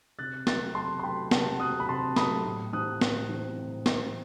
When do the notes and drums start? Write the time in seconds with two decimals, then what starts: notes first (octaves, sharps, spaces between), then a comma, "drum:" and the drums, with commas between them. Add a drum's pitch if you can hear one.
0.19 C3 F#6 A6
0.47 F#3 A3 F#6 A6, drum: snare
0.75 C3 A5 C6
1.00 C6
1.03 F#3 A3 G5 B5
1.31 C3 F#5 A5, drum: snare
1.60 F#3 A3 D#6 F#6
1.80 B5
1.88 C3 A5 C6
2.16 F#3 A3 B5 D#6, drum: snare
2.45 A2
2.73 E3 G3 C4 D#6 F#6
3.01 A2, drum: snare
3.29 E3 G3 C4
3.57 A2
3.86 E3 G3 C4, drum: snare